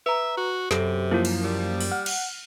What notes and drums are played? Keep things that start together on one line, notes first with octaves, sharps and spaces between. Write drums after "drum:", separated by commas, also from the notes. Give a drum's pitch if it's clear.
B4 E5 A#5
F#4
F#2 C3 G4 A4, drum: snare
F3 A#3 E4 F4
drum: cymbal
G3
drum: open hi-hat
F#5 F6
drum: cymbal